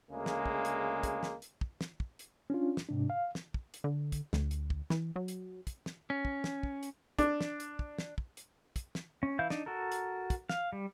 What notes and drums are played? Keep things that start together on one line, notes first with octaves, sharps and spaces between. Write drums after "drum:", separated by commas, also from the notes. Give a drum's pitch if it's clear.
D2 C#3 G#3 A#3
drum: snare
drum: kick
drum: hi-hat
drum: kick, hi-hat
drum: snare
drum: hi-hat
drum: kick
drum: snare
drum: kick
drum: hi-hat
C#4 D4 F4
drum: snare
G#2 C3 D4
F5
drum: snare
drum: kick
drum: hi-hat
D3
drum: kick, hi-hat
D2, drum: snare
drum: hi-hat
drum: kick
E3, drum: snare
F#3
drum: hi-hat
drum: kick, hi-hat
drum: snare
C#4
drum: kick
drum: snare
drum: kick
drum: hi-hat
D4, drum: kick, hi-hat
drum: snare
drum: hi-hat
drum: kick
drum: snare
drum: kick
drum: hi-hat
drum: kick, hi-hat
drum: snare
C#4
E3 E4 F5 G6
D4 D#4, drum: snare
F#4 A4 A#4
drum: hi-hat
drum: kick, hi-hat
F5, drum: snare
G3